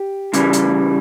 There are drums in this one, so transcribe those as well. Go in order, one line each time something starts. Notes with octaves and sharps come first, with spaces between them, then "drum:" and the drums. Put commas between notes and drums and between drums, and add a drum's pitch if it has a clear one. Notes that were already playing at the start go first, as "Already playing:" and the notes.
Already playing: G4
C#3 E3 G3, drum: hi-hat
drum: hi-hat